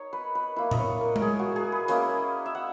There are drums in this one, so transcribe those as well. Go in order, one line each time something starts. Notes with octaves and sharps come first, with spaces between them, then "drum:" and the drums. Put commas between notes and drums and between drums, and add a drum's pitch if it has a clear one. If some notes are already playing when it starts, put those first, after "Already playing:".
Already playing: D#4 C#5
B4
B4
A#3 E4 B4
D#5, drum: tom A2
C#5
A#4
A#4, drum: tom G#3
G#4
F#4
G#4
B4
A#3 C#4 E4 D#5, drum: hi-hat
E5
F#5